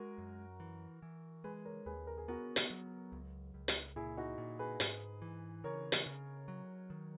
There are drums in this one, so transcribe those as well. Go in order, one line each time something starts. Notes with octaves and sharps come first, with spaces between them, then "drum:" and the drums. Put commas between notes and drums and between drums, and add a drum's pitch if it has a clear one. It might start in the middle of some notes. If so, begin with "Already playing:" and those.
Already playing: G#3 F#4 A#4
F#2
E3
E3
G#3 G#4 B4
A#4 C#5
D#2 G#4 B4
A#4
G#4
B3 F#4 A#4
drum: hi-hat
F#3
C#2
C#2
drum: hi-hat
A#2 E4 G#4
D#4 F#4
A#2
G#4 B4
G#2, drum: hi-hat
E3
C#3 A#4 C#5
drum: hi-hat
C#3
F#3
D#3